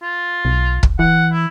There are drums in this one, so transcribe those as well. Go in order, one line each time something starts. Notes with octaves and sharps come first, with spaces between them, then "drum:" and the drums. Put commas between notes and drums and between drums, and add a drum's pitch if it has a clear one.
F4
B1
drum: kick
E3 F#5
E4